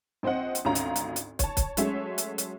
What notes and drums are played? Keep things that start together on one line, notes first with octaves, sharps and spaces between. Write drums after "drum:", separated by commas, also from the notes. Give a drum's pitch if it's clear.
A#1 C4 C5 D#5 F#5
drum: hi-hat
G#1 D2 C#4 D#4 F4 A#5
drum: hi-hat
drum: hi-hat
drum: hi-hat
C#5 A5, drum: kick, hi-hat
drum: kick, hi-hat
F#3 G#3 A3 C#4 C#5 E5, drum: hi-hat
drum: hi-hat
drum: hi-hat